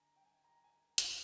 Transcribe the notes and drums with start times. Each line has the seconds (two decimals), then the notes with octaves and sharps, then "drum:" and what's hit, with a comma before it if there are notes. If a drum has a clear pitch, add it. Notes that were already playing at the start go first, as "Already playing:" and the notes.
Already playing: D3 G#5 A#5
0.16 G5
0.26 G#5
0.44 A#5
0.64 G#5
0.98 drum: hi-hat